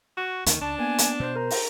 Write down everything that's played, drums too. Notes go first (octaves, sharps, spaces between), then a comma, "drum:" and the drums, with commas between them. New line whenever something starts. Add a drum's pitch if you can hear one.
F#4 C#6
D#2 D3 D#3 A#3, drum: hi-hat
C#2 D4 A5
A#3 B3 G#5
drum: hi-hat
B2 C5
A#4 A#5
drum: open hi-hat